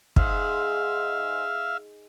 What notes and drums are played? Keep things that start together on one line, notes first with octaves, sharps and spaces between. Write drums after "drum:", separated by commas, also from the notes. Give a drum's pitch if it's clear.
G#2 E5 F5, drum: kick